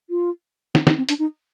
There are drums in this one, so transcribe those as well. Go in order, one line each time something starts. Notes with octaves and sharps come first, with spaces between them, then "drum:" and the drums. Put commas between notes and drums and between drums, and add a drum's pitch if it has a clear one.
F4
D#4, drum: snare
D#4, drum: snare
C4
D4, drum: hi-hat
D#4